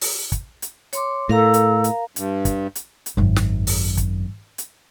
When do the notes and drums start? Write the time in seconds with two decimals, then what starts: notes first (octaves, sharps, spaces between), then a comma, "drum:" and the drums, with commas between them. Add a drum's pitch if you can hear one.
0.01 drum: open hi-hat
0.32 drum: kick, hi-hat
0.62 drum: hi-hat
0.93 C#5 C6 D6, drum: hi-hat
1.29 A2 A4 A#4 F5 A#5
1.54 drum: hi-hat
1.84 drum: hi-hat
2.16 G2, drum: hi-hat
2.45 drum: kick, hi-hat
2.75 drum: hi-hat
3.06 drum: hi-hat
3.17 G#1 F#2
3.36 drum: snare
3.67 drum: open hi-hat
3.97 drum: kick, hi-hat
4.58 drum: hi-hat